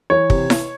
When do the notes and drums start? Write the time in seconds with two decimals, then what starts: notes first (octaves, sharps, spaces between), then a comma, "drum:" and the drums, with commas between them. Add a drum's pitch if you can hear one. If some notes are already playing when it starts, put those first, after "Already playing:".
0.10 E3 C#5
0.30 C3, drum: kick
0.50 drum: snare E4